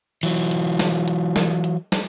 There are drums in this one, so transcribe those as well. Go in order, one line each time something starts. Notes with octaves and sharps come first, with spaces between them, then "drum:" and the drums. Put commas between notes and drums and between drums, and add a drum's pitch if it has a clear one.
E3 F#3, drum: hi-hat
drum: hi-hat
drum: snare
drum: hi-hat
drum: snare
drum: hi-hat
drum: snare